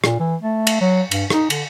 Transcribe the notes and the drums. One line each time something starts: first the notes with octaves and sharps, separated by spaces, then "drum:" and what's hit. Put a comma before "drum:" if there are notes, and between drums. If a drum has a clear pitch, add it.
A#2, drum: rim click
E3
A3
drum: cymbal
F#3
G2, drum: cymbal
D#4, drum: rim click
D3, drum: cymbal